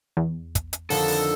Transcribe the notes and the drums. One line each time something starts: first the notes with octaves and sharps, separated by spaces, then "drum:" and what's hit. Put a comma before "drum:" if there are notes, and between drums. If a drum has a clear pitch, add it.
E2
drum: kick, hi-hat
drum: hi-hat
F2 D3 D#3 A4, drum: open hi-hat
drum: open hi-hat